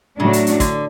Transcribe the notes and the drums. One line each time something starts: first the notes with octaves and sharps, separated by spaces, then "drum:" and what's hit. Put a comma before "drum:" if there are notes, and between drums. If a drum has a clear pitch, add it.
A2 C#3 F#3 A3 D4 F#4
drum: hi-hat
drum: hi-hat
D3, drum: kick, hi-hat